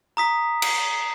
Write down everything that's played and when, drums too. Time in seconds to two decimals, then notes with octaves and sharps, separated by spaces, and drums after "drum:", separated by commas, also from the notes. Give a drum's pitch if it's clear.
0.17 A#5 D#6 B6
0.62 drum: cymbal